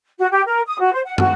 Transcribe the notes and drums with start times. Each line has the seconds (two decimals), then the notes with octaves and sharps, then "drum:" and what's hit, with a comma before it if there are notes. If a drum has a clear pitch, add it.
0.19 F#4
0.31 G4
0.46 A#4
0.66 D#6
0.79 F#4
0.93 C5
1.05 F#5
1.18 F#4, drum: tom